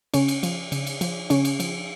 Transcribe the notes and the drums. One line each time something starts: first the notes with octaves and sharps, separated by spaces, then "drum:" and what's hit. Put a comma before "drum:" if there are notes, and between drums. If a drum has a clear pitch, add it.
C#3 C#4, drum: cymbal
drum: cymbal
F3, drum: cymbal
C#3, drum: cymbal
drum: cymbal
F3, drum: cymbal
C#3 C#4, drum: cymbal
drum: cymbal
F3, drum: cymbal